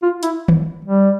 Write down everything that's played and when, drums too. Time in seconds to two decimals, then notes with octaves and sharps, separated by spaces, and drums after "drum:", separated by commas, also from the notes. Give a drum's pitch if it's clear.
0.02 F4
0.23 E4, drum: hi-hat
0.48 drum: tom
0.85 G3